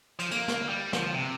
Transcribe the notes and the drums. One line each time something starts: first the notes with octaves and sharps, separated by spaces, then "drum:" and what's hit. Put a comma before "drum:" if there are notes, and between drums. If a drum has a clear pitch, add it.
F3, drum: cymbal
A#3, drum: cymbal
drum: snare
G3
F3, drum: snare
C3